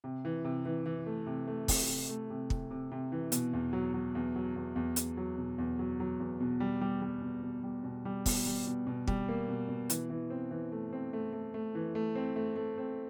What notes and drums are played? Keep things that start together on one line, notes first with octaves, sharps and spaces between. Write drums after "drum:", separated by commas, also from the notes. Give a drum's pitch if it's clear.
C3
E3
C3
E3
E3
A3
C3
A3
C3, drum: kick, open hi-hat
C3
A3
C3
C3, drum: kick
C3
C3
E3
B2, drum: hi-hat
E2
F#3
F#3
E2
F#3
E2
E2
E2, drum: hi-hat
F#3
B2
E2
F#3
F#3
E2
B2
G3
G3
G3
B2
B2
G3
B2
G3
B2, drum: kick, open hi-hat
G3
B2
B2
G3, drum: kick
A#3
B2
B2
E3, drum: hi-hat
E3
C4
E3
A3
C4
A3
A3
A3
E3
A3
C4
A3
A3
C4